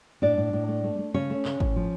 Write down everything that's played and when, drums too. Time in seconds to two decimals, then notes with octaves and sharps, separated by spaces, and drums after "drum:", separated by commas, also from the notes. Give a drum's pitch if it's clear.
0.22 A2 D4 D5
0.37 A2
0.53 A2
0.68 A3
0.84 A3
0.99 A3
1.14 C#3 C#4 C#5
1.30 A3
1.45 C#3, drum: clap
1.60 A2, drum: kick G#1
1.76 F3